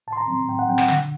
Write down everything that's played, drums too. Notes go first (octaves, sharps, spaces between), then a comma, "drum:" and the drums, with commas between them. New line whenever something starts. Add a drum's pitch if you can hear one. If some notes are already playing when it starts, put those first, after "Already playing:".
A2 A5
C6
A#5
F#3 C4 C6
A2 G5
F#5
F#3 C4 G5
F#5, drum: clap
D3, drum: clap